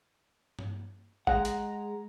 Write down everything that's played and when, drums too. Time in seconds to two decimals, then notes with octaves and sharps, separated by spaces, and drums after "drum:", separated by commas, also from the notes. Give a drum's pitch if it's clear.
0.59 drum: tom G2
1.27 G#3 F#5 A#5, drum: kick G#1
1.45 drum: hi-hat